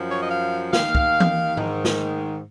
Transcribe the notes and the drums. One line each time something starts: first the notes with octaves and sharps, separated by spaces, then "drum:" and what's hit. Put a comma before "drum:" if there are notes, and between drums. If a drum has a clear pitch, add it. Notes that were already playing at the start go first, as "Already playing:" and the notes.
Already playing: F#2 F3
C#5
D#5
F5
D#2 D#3 F5, drum: snare
drum: kick
drum: tom E3
G#2 D#3, drum: tom G#2
drum: snare